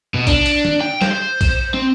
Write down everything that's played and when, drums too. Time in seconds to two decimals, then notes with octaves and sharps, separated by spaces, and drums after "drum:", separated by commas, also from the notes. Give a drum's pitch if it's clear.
0.14 B2
0.27 D4, drum: kick A#1, cymbal
0.46 drum: cymbal
0.65 drum: tom
0.81 G5
1.01 C5, drum: snare
1.41 drum: kick A#1, cymbal
1.74 C4